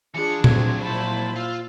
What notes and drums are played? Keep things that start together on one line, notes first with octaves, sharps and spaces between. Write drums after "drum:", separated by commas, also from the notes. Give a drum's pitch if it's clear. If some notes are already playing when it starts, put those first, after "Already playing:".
E3 D4 F4 G#4 B5 C#7
D2 F3 F#3 C4 G#6, drum: tom A#2
A#2 E4 C5 A5 B5
F4 E6